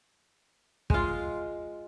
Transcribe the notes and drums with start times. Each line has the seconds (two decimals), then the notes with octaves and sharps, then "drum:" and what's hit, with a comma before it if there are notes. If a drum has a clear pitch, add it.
0.90 G#3 F4, drum: kick